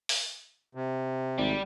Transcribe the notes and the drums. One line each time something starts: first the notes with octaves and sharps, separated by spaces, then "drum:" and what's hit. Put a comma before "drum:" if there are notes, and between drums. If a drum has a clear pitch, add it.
drum: open hi-hat
C3
G#1 G3